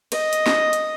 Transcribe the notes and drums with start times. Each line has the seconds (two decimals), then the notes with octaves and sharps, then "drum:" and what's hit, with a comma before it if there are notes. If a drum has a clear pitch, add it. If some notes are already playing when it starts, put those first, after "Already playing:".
0.12 D#5, drum: cymbal
0.33 drum: hi-hat
0.46 drum: snare
0.73 drum: hi-hat